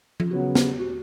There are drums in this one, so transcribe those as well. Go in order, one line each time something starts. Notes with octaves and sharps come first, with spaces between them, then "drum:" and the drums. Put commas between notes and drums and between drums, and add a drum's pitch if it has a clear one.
F4, drum: tom F3
C#3 F#3 B3 F#4
G4, drum: snare
F#4